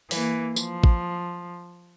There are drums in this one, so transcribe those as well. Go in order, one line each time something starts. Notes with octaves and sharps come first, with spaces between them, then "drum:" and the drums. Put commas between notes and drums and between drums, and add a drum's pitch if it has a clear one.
E3 A#3, drum: open hi-hat
F3, drum: tambourine
drum: kick A1